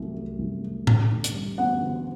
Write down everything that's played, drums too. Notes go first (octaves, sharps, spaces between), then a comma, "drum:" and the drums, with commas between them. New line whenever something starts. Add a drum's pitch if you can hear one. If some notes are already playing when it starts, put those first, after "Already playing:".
Already playing: C2 F#3 A3
A3
C2
A3
D3, drum: tom A2
D3
drum: hi-hat
G3
B3 F#5
D3